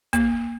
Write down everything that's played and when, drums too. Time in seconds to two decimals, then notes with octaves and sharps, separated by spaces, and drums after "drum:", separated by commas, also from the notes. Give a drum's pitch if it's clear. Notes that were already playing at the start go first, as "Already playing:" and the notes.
0.13 A#3, drum: kick, hi-hat